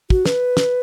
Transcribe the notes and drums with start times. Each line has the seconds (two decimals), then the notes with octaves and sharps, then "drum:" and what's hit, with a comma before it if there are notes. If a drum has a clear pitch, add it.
0.10 F#4, drum: kick
0.25 B4, drum: snare
0.57 drum: snare